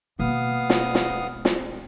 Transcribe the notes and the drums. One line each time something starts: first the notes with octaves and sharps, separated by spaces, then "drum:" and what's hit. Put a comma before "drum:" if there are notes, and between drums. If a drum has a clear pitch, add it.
B2 A#3 B3 F5 D#6
drum: snare
drum: snare
drum: snare